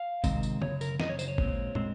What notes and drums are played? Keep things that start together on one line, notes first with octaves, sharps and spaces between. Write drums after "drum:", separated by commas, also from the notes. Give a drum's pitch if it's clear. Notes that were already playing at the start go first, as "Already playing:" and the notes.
Already playing: F5
C3 D#3 G#3 C4, drum: kick G#1, tambourine
drum: tambourine
F#2 C#3 C#5, drum: tom
A#4, drum: tambourine
F#2 C#3 D#5, drum: snare
C#5
C5, drum: tambourine
C#5
A#2 G#3 C4, drum: kick G#1
A#2 G#3 C4, drum: tom